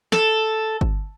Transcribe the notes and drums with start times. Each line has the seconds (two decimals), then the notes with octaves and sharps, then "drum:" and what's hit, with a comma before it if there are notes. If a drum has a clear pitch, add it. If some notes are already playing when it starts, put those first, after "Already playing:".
0.12 A4, drum: snare
0.81 drum: kick G1